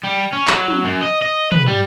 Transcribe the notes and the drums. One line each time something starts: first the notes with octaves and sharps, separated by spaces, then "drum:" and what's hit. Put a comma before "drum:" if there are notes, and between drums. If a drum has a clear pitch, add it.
G3
C#4
F#3, drum: clap
drum: tom
F#2
D#5
D#5
B4, drum: tom
G3